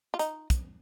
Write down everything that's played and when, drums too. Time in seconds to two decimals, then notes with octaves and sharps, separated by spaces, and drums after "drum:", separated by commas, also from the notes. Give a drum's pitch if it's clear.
0.14 F4
0.19 D#4, drum: hi-hat
0.50 drum: kick, hi-hat